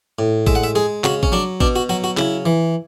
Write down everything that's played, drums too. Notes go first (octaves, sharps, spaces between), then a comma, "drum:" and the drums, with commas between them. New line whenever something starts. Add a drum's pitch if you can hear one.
A2
G#3 E5, drum: kick
F#5
E5
G#3 G#4
C#3 F#4, drum: clap
C#4, drum: kick
F#3 D4
B2 D4, drum: kick
F#4
F#3 F#4
F#4
C#3 E4, drum: clap
E3